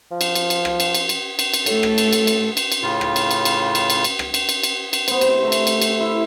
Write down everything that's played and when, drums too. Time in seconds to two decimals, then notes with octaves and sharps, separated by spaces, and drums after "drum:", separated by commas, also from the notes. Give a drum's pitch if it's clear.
0.12 F3
0.21 drum: cymbal
0.35 drum: cymbal
0.50 drum: cymbal
0.65 drum: rim click
0.80 drum: cymbal
0.94 drum: cymbal
1.09 drum: cymbal
1.39 drum: cymbal
1.54 drum: cymbal
1.66 A2 A3 A4, drum: cymbal
1.83 drum: rim click
1.98 drum: cymbal
2.13 drum: cymbal
2.27 drum: cymbal
2.57 drum: cymbal
2.72 drum: cymbal
2.82 A2 C#3 F4
3.01 drum: rim click
3.16 drum: cymbal
3.31 drum: cymbal
3.45 drum: cymbal
3.75 drum: cymbal
3.90 drum: cymbal
4.04 drum: cymbal
4.19 drum: rim click
4.34 drum: cymbal
4.49 drum: cymbal
4.63 drum: cymbal
4.93 drum: cymbal
5.08 B3 C5, drum: cymbal
5.21 C3 C6, drum: cymbal
5.43 A3 A#5
5.52 drum: cymbal
5.67 drum: cymbal
5.82 drum: cymbal
6.00 E4